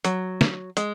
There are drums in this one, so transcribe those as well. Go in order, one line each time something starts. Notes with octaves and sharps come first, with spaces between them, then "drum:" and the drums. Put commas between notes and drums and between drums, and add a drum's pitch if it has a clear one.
F#3, drum: hi-hat
drum: snare
G#3, drum: hi-hat